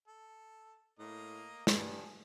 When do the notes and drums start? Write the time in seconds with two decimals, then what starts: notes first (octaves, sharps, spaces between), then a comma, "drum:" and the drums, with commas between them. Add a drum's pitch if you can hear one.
0.08 A4
0.99 A2 A#3 D#5 A#5
1.67 G2 F3 G#4 A4, drum: snare